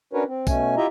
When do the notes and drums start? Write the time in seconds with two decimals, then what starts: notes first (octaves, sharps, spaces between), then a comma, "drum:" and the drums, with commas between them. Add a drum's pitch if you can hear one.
0.13 C#4 D4 F#4 A#4 B4 C#5
0.28 C4
0.47 B2 A3 C#4 G#5, drum: kick B1, tambourine
0.77 E4 F4 G4 D#5 E5 A#5